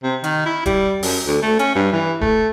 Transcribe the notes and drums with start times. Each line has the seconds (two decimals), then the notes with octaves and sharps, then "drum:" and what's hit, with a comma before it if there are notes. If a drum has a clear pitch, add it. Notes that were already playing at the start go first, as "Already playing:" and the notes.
0.04 C3
0.24 D#3, drum: hi-hat
0.46 E4
0.66 G3, drum: kick D#1, hi-hat
1.03 F#2, drum: open hi-hat
1.27 D2
1.43 A3
1.59 C#4, drum: hi-hat
1.75 G2
1.93 E3
2.21 A3, drum: kick D#1